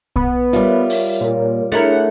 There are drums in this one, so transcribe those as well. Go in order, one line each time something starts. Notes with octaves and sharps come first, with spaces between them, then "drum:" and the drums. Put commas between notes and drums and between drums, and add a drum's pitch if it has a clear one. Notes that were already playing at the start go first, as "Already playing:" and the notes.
B3, drum: kick
G3 F4 A#4 C#5 E5, drum: hi-hat
drum: open hi-hat
A#2 A#4 C#5
A3 D4 E4 G#4 A#4 C#5 F#5